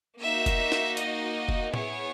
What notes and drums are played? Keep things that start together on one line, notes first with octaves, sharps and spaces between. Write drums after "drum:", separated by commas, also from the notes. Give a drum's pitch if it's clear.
A#3 D#4 F#4 E5
drum: kick, hi-hat
drum: snare
D#5, drum: hi-hat
drum: kick
B3 E4 G#4 C#5, drum: tom